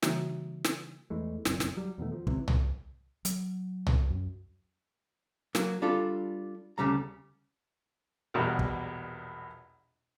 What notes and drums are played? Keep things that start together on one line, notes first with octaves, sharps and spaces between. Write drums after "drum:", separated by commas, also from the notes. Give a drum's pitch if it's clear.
C#3 E3 G3 A#3 D#4 F#4, drum: snare
drum: snare
E2 E3 G#3 A3
F#1 B1 F2 A#2, drum: snare
drum: snare
F#3 G3
E2 B2 D#3 A3
F3
C#2 C3 E3, drum: kick
drum: tom C2
F#3, drum: hi-hat
drum: tom C2
F#2
F#3 A#3, drum: snare
G3 D4 F4 A4
D2 C#3 G3 A#5
A#1 E2 B2 G3 A#4 F#5
drum: kick